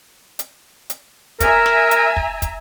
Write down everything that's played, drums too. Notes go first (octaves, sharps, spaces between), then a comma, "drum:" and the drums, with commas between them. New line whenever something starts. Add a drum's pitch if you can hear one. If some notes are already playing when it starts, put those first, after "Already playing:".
drum: hi-hat
drum: hi-hat
A#4 E5 G#5 A#5, drum: kick, hi-hat
drum: snare
drum: hi-hat
drum: kick
drum: kick, hi-hat